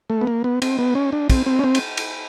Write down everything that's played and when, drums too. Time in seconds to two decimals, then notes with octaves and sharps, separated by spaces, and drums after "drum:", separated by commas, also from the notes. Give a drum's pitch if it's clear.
0.10 A3
0.21 B3
0.27 A#3
0.44 B3
0.62 C4, drum: cymbal
0.79 B3
0.95 C#4
1.12 D4
1.30 C4, drum: kick, cymbal
1.46 C4
1.59 C#4
1.64 C4
1.75 drum: cymbal
1.97 drum: cymbal